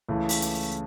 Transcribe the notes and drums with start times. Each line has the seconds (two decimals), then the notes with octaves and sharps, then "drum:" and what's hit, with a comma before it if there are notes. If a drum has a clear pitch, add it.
0.09 C#2 C#3 E3 A3
0.29 drum: open hi-hat
0.42 drum: hi-hat